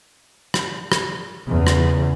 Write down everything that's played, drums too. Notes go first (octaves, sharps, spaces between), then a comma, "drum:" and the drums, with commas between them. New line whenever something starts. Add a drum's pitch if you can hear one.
drum: rim click
drum: rim click
E2 C#3
drum: rim click